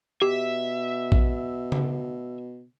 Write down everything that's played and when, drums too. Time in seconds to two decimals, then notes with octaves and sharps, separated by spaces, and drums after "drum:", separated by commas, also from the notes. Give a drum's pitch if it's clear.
0.22 B2 G4 E5
1.12 drum: kick A#1
1.72 drum: tom C#3